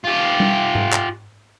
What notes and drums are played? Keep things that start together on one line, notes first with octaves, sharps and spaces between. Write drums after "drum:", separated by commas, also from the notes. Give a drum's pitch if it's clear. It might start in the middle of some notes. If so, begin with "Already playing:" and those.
F4 G4
drum: tom G3
drum: tom G#2
drum: clap